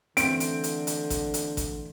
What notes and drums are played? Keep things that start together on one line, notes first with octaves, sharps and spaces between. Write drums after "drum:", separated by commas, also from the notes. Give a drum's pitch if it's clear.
D3 E3 A3 C4 C6 D7, drum: hi-hat
drum: hi-hat
drum: hi-hat
drum: hi-hat
drum: kick G#1, hi-hat
drum: hi-hat
drum: kick G#1, hi-hat